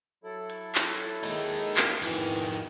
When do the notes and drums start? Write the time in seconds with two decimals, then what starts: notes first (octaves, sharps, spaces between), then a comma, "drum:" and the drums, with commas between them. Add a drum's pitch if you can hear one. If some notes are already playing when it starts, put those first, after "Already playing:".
0.24 F#3 E4 A4
0.50 drum: hi-hat
0.75 drum: clap
1.01 drum: hi-hat
1.23 G#3 A#3 D#4, drum: hi-hat
1.51 drum: hi-hat
1.77 drum: clap
2.02 F2 B2 D#3 E3 E4, drum: hi-hat
2.28 drum: hi-hat
2.53 drum: hi-hat